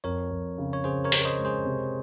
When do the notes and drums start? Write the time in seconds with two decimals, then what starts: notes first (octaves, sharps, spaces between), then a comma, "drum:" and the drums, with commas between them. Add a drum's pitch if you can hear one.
0.04 F2 A#4 C#5
0.31 F2
0.58 C#3
0.73 C#5
0.84 C#3 G#4 C5
1.04 A#4 C#5
1.12 C#3, drum: open hi-hat
1.25 C5 D#5
1.38 G#3
1.45 G#4 C5
1.65 C3